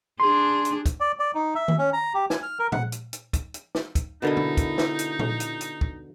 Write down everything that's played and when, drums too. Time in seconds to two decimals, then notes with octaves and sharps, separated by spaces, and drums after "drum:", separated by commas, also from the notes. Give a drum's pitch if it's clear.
0.20 D4 G#4 C6
0.65 drum: hi-hat
0.86 drum: kick, hi-hat
1.00 D5
1.19 D5
1.35 D#4
1.55 E5
1.68 drum: tom D#3
1.78 C#4
1.93 A#5
2.14 G4
2.30 G#5, drum: snare
2.43 F6
2.59 A#4
2.72 F#5, drum: tom A#2
2.92 drum: hi-hat
3.13 drum: hi-hat
3.33 drum: kick, hi-hat
3.54 drum: hi-hat
3.75 drum: snare
3.95 drum: kick, hi-hat
4.22 B2 D3 D#4 E4 A#4 D#5
4.37 drum: tom B2
4.57 drum: kick, hi-hat
4.78 drum: snare
4.99 drum: hi-hat
5.19 drum: tom A#2
5.40 drum: hi-hat
5.61 drum: hi-hat
5.81 drum: kick